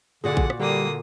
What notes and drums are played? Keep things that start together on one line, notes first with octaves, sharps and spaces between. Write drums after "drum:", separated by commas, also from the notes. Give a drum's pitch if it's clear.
A#2 D3 F#4 G#4 D5 F#5
drum: kick A#1
drum: rim click
D3 G3 A#3 D#6